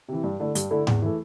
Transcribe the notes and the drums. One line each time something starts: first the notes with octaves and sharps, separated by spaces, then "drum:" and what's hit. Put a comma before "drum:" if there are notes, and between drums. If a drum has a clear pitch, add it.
C3 E3
G2
D3 A3 E4 A4
G2, drum: hi-hat
D3 A3 E4 A4
E2, drum: tom G#2
E3 A3